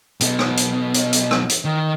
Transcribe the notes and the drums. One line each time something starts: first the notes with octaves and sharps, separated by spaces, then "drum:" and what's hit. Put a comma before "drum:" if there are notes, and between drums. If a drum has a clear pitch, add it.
B1 B3, drum: hi-hat
drum: rim click
drum: hi-hat
drum: hi-hat
drum: hi-hat
drum: rim click
drum: hi-hat
D#3